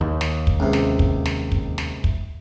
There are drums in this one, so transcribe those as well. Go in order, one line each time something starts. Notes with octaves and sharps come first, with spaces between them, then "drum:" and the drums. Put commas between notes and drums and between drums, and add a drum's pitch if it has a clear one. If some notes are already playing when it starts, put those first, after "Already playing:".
D#2
drum: snare
drum: kick
C#2 C3
drum: snare
drum: kick
drum: snare
drum: kick
drum: snare
drum: kick